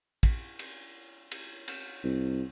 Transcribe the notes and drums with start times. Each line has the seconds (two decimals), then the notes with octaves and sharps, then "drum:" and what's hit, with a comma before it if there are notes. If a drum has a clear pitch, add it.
0.23 drum: kick, cymbal
0.59 drum: cymbal
1.32 drum: cymbal
1.68 drum: cymbal
2.04 C2